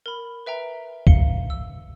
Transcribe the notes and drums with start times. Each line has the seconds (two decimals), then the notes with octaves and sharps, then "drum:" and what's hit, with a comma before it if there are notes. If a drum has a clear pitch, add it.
0.06 A#4 B5
0.46 B4 E5 G5 A#5
1.07 F5 C#7 G7, drum: kick
1.50 E6